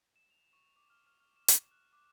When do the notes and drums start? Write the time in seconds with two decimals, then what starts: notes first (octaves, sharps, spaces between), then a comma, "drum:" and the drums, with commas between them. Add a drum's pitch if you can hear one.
0.16 E7
0.30 F7
0.53 C#6
0.76 D6
0.90 F6
1.07 F6
1.20 F6
1.36 E7
1.48 C#6, drum: hi-hat
1.71 F#6
1.93 D6